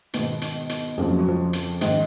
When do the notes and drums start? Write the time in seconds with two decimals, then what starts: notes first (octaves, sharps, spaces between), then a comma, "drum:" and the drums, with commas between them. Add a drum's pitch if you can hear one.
0.14 G#2 B2 D#3 B3, drum: hi-hat
0.42 drum: hi-hat
0.69 drum: hi-hat
0.97 F2 A#2 C#3 F3 A#3
1.08 F#3
1.19 F#3
1.29 F3
1.53 drum: hi-hat
1.81 G#2 D#3, drum: hi-hat